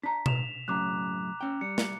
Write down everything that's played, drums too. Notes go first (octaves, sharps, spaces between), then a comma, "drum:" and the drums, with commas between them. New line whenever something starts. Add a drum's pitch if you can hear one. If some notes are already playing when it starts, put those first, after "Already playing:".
D4 A#5 B6
E7 F7, drum: tom B2
F#2 A2 C#3 A#5 D6 F#6
C#4 G5
G3 C#7
drum: snare